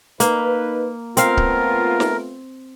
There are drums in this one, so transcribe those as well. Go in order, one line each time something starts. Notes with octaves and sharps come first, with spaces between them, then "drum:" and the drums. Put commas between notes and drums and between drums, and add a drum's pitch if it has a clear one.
A#3 D#4 B4, drum: hi-hat
A3 B3 C4 F4 A#4 F5, drum: hi-hat
drum: kick C#1
drum: snare